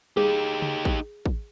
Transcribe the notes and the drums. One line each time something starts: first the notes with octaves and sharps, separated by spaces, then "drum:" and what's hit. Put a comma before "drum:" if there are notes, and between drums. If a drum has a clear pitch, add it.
D#4 G4 G#4, drum: tom G3
drum: tom C#3
drum: kick
drum: kick